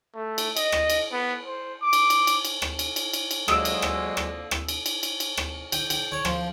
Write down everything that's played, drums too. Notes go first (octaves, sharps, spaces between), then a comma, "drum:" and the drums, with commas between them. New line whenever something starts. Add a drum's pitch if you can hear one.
A3
drum: cymbal
D#5, drum: cymbal
drum: rim click
drum: cymbal
B3
C5
D6
drum: cymbal
drum: cymbal
drum: cymbal
drum: cymbal
drum: rim click
drum: cymbal
drum: cymbal
drum: cymbal
drum: cymbal
D3 F3 F#3 G#3 A#3 D#6 E6 D7, drum: rim click
drum: cymbal
drum: rim click
drum: rim click
drum: rim click
drum: cymbal
drum: cymbal
drum: cymbal
drum: cymbal
drum: rim click
G5, drum: cymbal
G5, drum: cymbal
C#5
F3, drum: rim click